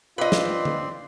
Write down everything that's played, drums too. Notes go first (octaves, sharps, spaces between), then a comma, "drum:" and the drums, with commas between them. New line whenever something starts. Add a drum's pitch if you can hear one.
C4 F4 B4 D5 D#5 C6
drum: snare
drum: tom D3